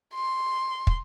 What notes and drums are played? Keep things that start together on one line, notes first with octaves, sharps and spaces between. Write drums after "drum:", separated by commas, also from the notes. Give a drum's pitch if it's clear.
C6
drum: kick